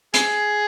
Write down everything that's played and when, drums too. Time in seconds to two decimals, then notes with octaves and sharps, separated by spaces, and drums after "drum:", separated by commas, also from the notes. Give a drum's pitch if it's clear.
0.14 G#4, drum: hi-hat